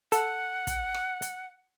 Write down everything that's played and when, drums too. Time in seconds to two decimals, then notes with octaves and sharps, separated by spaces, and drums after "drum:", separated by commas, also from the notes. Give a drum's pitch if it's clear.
0.12 A4 F#5, drum: hi-hat
0.67 drum: kick, hi-hat
0.94 drum: rim click
1.22 drum: hi-hat